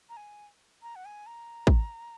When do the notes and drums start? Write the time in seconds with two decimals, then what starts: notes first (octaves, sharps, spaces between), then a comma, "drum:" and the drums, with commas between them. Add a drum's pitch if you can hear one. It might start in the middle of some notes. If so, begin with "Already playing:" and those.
0.09 A#5
0.17 G#5
0.83 A#5
0.96 F#5
1.05 G#5
1.26 A#5
1.67 drum: kick